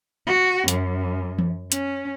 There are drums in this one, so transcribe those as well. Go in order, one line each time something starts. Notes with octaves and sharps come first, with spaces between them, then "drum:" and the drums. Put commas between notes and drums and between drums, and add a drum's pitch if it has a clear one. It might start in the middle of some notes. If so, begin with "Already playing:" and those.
F#4
F#2, drum: hi-hat
drum: tom E3
C#4, drum: hi-hat